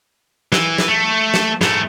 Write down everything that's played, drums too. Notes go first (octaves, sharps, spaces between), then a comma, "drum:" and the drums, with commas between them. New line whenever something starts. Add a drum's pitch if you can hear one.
E3, drum: snare
drum: snare
A3
drum: snare
G#2 A3, drum: snare